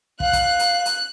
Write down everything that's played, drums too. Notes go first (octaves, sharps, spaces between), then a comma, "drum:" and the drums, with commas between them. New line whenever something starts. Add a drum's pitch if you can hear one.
F5 F#6, drum: kick
drum: kick, hi-hat
drum: hi-hat
drum: hi-hat